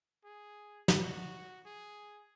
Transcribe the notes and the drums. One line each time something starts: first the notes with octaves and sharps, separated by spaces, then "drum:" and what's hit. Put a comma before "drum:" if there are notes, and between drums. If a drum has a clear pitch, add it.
G#4
drum: snare
F#4
G#4